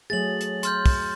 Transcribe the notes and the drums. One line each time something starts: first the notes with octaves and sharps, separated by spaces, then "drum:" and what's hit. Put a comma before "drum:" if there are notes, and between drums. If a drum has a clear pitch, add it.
F#3 A3 G#4 A6 F#7
drum: hi-hat
C6 F6 G6, drum: hi-hat
drum: kick, open hi-hat